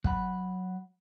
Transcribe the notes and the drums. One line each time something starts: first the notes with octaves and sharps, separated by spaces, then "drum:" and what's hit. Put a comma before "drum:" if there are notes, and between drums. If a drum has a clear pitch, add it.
F#3 F#5 B5, drum: kick